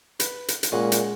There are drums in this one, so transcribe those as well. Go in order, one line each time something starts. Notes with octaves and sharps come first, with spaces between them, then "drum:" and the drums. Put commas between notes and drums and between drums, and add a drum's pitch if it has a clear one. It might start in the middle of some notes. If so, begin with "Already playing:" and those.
B4, drum: hi-hat
drum: hi-hat
drum: hi-hat
A#2 G#3 C#4 F#5
drum: hi-hat